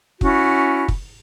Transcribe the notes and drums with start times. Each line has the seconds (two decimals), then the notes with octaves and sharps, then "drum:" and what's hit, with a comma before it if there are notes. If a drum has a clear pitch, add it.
0.21 C#4 E4 F#4, drum: kick
0.88 drum: kick